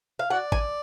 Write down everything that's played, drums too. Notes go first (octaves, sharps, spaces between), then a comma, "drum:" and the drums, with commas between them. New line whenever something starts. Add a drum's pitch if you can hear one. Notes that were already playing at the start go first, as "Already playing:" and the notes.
F5
F#4 D5 F#5
G#5, drum: kick A1